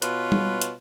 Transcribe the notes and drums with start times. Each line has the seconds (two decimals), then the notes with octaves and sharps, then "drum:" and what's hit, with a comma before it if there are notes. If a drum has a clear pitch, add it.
0.02 B2 F4 B4 C#5, drum: hi-hat
0.32 drum: tom G3
0.62 drum: hi-hat